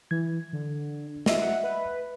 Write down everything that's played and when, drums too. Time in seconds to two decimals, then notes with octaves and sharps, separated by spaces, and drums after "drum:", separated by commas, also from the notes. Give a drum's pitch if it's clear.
0.11 E3 G#6
0.53 D3
1.26 D#5 E5, drum: snare
1.41 F#5
1.64 B4